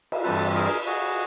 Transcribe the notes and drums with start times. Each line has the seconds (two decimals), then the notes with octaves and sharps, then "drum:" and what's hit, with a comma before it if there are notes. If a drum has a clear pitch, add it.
0.12 drum: cymbal
0.23 G2 E3 G3 C4 A4 B4
0.55 G#4 A#4
0.87 F#4 G#4